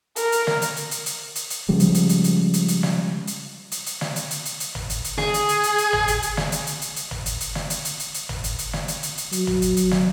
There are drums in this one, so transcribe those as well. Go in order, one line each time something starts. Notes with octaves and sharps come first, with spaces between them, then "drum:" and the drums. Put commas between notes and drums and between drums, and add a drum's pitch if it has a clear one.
A#4, drum: hi-hat
drum: hi-hat
drum: snare
drum: hi-hat
drum: hi-hat
drum: hi-hat
drum: hi-hat
drum: hi-hat
drum: hi-hat
C#3 F3 G3 G#3
drum: hi-hat
drum: hi-hat
drum: hi-hat
drum: hi-hat
drum: hi-hat
drum: hi-hat
drum: snare
drum: hi-hat
drum: hi-hat
drum: hi-hat
drum: snare
drum: hi-hat
drum: hi-hat
drum: hi-hat
drum: hi-hat
drum: tom
drum: hi-hat
drum: hi-hat
G#4, drum: snare
drum: hi-hat
drum: hi-hat
drum: hi-hat
drum: hi-hat
drum: tom
drum: hi-hat
drum: hi-hat
drum: snare
drum: hi-hat
drum: hi-hat
drum: hi-hat
drum: hi-hat
drum: tom
drum: hi-hat
drum: hi-hat
drum: snare
drum: hi-hat
drum: hi-hat
drum: hi-hat
drum: hi-hat
drum: tom
drum: hi-hat
drum: hi-hat
drum: snare
drum: hi-hat
drum: hi-hat
drum: hi-hat
F#3, drum: hi-hat
drum: tom
drum: hi-hat
drum: hi-hat
drum: snare